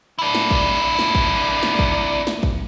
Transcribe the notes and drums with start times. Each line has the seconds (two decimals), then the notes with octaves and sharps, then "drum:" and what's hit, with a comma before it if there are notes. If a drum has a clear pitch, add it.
0.19 D4 E4
0.35 drum: snare
0.51 drum: kick
0.99 drum: snare
1.15 drum: kick
1.63 drum: snare
1.79 drum: kick
2.27 drum: snare
2.43 drum: kick